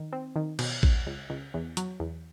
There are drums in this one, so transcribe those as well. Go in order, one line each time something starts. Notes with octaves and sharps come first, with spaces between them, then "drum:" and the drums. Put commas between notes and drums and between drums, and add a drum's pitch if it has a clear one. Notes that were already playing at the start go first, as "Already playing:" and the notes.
Already playing: D#3
C4
D#3
B2, drum: cymbal
C#2, drum: kick A1
C#2
C#2
E2
F#3, drum: hi-hat
E2